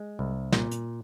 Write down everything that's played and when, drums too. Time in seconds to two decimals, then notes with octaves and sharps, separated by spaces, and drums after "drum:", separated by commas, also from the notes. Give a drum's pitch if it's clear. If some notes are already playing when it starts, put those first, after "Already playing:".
Already playing: G#3
0.19 C2
0.52 A#2, drum: snare
0.71 drum: hi-hat